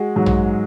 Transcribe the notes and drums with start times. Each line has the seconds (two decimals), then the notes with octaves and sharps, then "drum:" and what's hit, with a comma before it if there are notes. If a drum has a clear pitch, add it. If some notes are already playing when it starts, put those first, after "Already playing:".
Already playing: G#3 F#4
0.16 G#2 F#3
0.26 drum: tom A#1